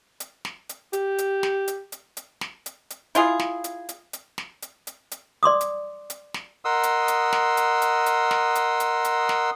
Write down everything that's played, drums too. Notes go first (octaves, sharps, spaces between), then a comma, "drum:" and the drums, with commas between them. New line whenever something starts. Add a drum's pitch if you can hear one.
drum: hi-hat
drum: snare
drum: hi-hat
G4, drum: hi-hat
drum: hi-hat
drum: snare
drum: hi-hat
drum: hi-hat
drum: hi-hat
drum: snare
drum: hi-hat
drum: hi-hat
E4 F4 G#4, drum: hi-hat
drum: snare
drum: hi-hat
drum: hi-hat
drum: hi-hat
drum: snare
drum: hi-hat
drum: hi-hat
drum: hi-hat
D5 C6 D6 D#6
drum: hi-hat
drum: hi-hat
drum: snare
A#4 D#5 F#5 C6 D#6 E6
drum: hi-hat
drum: hi-hat
drum: snare
drum: hi-hat
drum: hi-hat
drum: hi-hat
drum: snare
drum: hi-hat
drum: hi-hat
drum: hi-hat
drum: snare